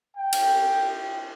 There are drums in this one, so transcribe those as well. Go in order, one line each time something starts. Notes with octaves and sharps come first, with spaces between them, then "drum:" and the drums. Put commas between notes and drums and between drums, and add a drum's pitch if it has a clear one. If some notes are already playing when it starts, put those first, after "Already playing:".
G5
drum: cymbal